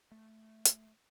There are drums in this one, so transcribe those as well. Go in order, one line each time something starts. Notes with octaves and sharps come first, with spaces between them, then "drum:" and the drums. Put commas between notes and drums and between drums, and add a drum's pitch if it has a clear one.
A3
drum: hi-hat